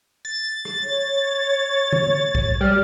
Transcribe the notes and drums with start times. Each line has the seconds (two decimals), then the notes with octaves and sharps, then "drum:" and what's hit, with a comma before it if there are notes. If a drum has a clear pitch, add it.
0.25 A6
0.65 drum: rim click
0.84 C#5
1.93 drum: tom
2.35 drum: kick
2.61 G3 F6